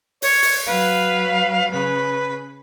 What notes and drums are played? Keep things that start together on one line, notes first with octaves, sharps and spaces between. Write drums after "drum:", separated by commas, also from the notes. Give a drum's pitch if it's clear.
C#5, drum: open hi-hat
drum: open hi-hat
F#3 B4 F5
C#3 B4